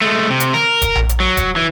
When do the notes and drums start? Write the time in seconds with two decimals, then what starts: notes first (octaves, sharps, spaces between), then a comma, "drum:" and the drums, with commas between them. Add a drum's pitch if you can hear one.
0.01 G#3 A3
0.30 C3
0.40 drum: hi-hat
0.54 A#4, drum: snare
0.82 drum: kick D#1, hi-hat
0.95 drum: tom A#1
1.09 drum: hi-hat
1.20 F#3
1.37 drum: kick D#1, hi-hat
1.56 E3